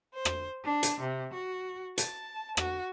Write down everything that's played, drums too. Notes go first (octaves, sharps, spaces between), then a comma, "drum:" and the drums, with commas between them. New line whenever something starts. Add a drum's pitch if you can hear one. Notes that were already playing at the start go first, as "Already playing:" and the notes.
C5
drum: rim click
D4
drum: hi-hat
C3
F#4
A5, drum: hi-hat
F#4, drum: rim click